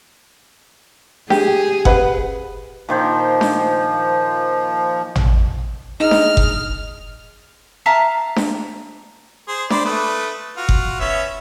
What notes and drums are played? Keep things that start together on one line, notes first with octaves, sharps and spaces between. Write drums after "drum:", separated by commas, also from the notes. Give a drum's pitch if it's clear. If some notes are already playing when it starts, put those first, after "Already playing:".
G4 G#4, drum: snare D4
B4 F#5, drum: kick F#1
A#2 D#3 F3 C5
drum: snare D4
drum: tom
D#4 G#4 D#5 F6
drum: snare D4
drum: kick F#1
E5 F5 A5 A#5
drum: snare D4
G#4 C5
C5 D5 B5, drum: snare D4
A3 B4 D#6
F4 F#4
drum: kick F#1
B3 C#4 E5